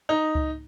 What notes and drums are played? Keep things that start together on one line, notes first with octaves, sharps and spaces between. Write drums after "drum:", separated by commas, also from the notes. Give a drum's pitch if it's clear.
D#4
drum: kick C#2